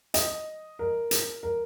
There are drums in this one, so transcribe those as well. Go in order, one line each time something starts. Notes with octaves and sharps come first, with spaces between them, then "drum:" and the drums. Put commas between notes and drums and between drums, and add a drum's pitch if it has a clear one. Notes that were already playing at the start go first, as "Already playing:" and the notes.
D#5, drum: hi-hat
A#4
drum: hi-hat
A#4